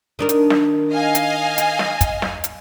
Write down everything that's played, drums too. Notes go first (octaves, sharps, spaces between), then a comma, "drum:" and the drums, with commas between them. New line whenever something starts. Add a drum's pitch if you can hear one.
D#3 D4 A#4
drum: hi-hat
drum: snare
D#5 F5 G#5
drum: hi-hat
drum: hi-hat
drum: snare
drum: kick, hi-hat
drum: snare
drum: hi-hat